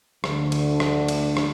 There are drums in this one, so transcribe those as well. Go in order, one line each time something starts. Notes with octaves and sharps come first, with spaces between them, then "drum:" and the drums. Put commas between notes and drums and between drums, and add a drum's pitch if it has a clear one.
D2 D3 A3 D4, drum: rim click
drum: cymbal
drum: rim click
drum: cymbal
drum: rim click